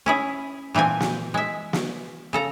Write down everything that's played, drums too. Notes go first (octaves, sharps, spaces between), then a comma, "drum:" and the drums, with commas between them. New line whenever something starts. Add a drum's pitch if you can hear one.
C#4 E4 G#4
A#2 E3 A3 C4 G#5
drum: snare
G#3 E5
drum: snare
C#3 A4 A#5